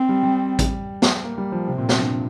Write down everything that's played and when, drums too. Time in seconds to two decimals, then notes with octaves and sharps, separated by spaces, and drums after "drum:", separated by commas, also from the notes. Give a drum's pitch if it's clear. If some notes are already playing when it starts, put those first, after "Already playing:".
Already playing: C4
0.09 G3
0.23 G3
0.59 drum: kick A1, hi-hat
1.02 drum: snare
1.24 A#3
1.38 G3
1.52 F3
1.67 C3 C4
1.78 A#2
1.89 drum: snare
2.00 G2